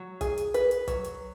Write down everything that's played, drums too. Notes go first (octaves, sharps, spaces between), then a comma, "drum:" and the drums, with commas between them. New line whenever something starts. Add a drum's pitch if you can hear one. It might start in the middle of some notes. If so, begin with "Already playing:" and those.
Already playing: F#3
G#4, drum: kick, hi-hat
drum: hi-hat
B4, drum: hi-hat
drum: hi-hat
F#3, drum: kick, hi-hat
drum: hi-hat